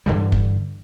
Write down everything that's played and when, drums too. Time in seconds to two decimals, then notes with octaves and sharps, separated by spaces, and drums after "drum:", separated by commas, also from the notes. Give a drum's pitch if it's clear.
0.06 G2 D3 E3 G3
0.32 drum: kick